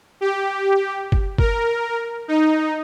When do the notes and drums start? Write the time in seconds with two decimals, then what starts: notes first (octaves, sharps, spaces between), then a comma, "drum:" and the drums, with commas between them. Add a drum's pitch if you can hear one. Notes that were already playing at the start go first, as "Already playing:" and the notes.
0.21 G4
1.12 drum: kick G1
1.38 A#4, drum: kick G1
2.28 D#4